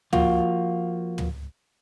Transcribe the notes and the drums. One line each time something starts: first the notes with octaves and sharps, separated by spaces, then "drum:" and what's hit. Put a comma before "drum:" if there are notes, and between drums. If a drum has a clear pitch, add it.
F3 A#3 F4 F#4, drum: tom
drum: tom